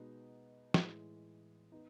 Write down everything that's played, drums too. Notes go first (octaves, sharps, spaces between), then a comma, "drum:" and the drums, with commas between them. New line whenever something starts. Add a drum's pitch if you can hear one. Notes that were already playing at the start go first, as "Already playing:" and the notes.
Already playing: B2 G#3 B3 D#4
A2 E3 G#3, drum: snare
B3 D#4